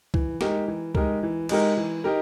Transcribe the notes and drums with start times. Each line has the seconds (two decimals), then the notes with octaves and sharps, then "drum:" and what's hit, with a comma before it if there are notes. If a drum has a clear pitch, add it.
0.14 E3, drum: kick C2
0.41 G#3 D#4 G4 A#4, drum: snare
0.68 E3
0.95 G#3 D#4 G4 A#4, drum: kick C2
1.23 E3
1.49 G#3 D#4 G4 A#4, drum: cymbal
1.77 E3
2.04 D#4 G4 A#4